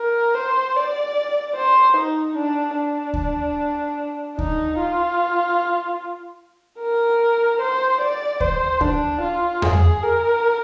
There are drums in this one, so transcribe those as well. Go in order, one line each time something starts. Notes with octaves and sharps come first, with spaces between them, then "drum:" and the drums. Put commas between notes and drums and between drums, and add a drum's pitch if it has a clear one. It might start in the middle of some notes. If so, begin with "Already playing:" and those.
Already playing: A#4
C5
D5
C5
D#4
D4
D4
drum: kick D2
D#4, drum: kick D2
F4
A#4
C5
D5
C5, drum: kick D2
D4, drum: kick D2
F4
G#4, drum: tom F2
A#4